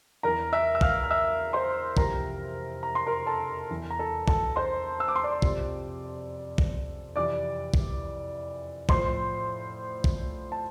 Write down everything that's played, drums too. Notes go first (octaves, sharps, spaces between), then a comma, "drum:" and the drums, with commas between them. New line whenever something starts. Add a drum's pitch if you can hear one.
E2 E3 A#4 A#5
E5 E6
E6
F5 F6, drum: kick
F6
E5 E6
C5 C6
F2 C3 E3 A#4 A#5, drum: kick
A#5
C6
A#4 A#5
A4 A5
E2 E3
A#5
A4 A5
A4 A5, drum: kick
C5 C6
E6
D6
C6
D5 D6
F2 C3 F3, drum: kick
drum: kick
F2 C3 E3 D5 D6
drum: kick
A2 F3 C5 C6, drum: kick
drum: kick
A5